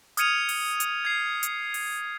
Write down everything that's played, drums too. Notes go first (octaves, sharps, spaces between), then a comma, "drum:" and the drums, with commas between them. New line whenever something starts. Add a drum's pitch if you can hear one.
D#6 F6 G#6 C#7 D#7 F7, drum: hi-hat
drum: open hi-hat
drum: hi-hat
G#6 C7
drum: hi-hat
drum: open hi-hat